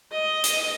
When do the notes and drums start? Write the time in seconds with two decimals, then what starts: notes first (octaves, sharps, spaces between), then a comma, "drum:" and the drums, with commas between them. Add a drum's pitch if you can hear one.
0.12 D#5
0.44 drum: hi-hat